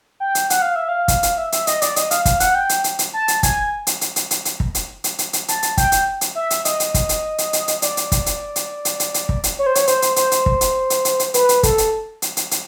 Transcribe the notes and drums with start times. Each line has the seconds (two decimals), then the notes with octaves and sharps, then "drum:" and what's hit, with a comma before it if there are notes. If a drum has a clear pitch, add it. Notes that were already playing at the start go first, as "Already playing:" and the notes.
0.20 G5
0.35 drum: hi-hat
0.50 F#5, drum: hi-hat
0.62 F5
0.76 E5
0.89 F5
1.08 drum: kick, hi-hat
1.23 drum: hi-hat
1.37 E5
1.52 E5, drum: hi-hat
1.67 D#5, drum: hi-hat
1.82 D5, drum: hi-hat
1.96 D#5, drum: hi-hat
2.11 F5, drum: hi-hat
2.25 F5, drum: kick, hi-hat
2.40 F#5, drum: hi-hat
2.55 G5
2.69 drum: hi-hat
2.84 drum: hi-hat
2.99 drum: hi-hat
3.14 A5
3.28 drum: hi-hat
3.43 G#5, drum: kick, hi-hat
3.87 drum: hi-hat
4.01 drum: hi-hat
4.16 drum: hi-hat
4.31 drum: hi-hat
4.45 drum: hi-hat
4.60 drum: kick
4.75 drum: hi-hat
5.04 drum: hi-hat
5.19 drum: hi-hat
5.33 drum: hi-hat
5.48 A5, drum: hi-hat
5.63 drum: hi-hat
5.77 G5, drum: kick, hi-hat
5.92 drum: hi-hat
6.21 drum: hi-hat
6.35 E5
6.50 drum: hi-hat
6.65 D#5, drum: hi-hat
6.80 drum: hi-hat
6.94 drum: kick, hi-hat
7.09 drum: hi-hat
7.38 drum: hi-hat
7.53 drum: hi-hat
7.68 drum: hi-hat
7.82 D5, drum: hi-hat
7.97 drum: hi-hat
8.12 drum: kick, hi-hat
8.26 drum: hi-hat
8.56 drum: hi-hat
8.85 drum: hi-hat
9.00 drum: hi-hat
9.14 drum: hi-hat
9.29 drum: kick
9.44 drum: hi-hat
9.59 C#5
9.66 C5
9.75 C#5, drum: hi-hat
9.87 C5, drum: hi-hat
10.02 drum: hi-hat
10.16 C5, drum: hi-hat
10.32 drum: hi-hat
10.46 drum: kick
10.61 drum: hi-hat
10.90 drum: hi-hat
11.05 drum: hi-hat
11.19 drum: hi-hat
11.34 B4, drum: hi-hat
11.49 drum: hi-hat
11.63 A4, drum: kick, hi-hat
11.78 drum: hi-hat
12.22 drum: hi-hat
12.37 drum: hi-hat
12.51 drum: hi-hat